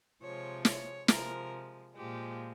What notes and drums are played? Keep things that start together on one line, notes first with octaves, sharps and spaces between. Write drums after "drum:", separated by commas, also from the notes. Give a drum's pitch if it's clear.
C3 F3 G#3 C#5
C#5, drum: snare
C3 F3 G#3 A#4, drum: snare
A#2 F3 G#3 G4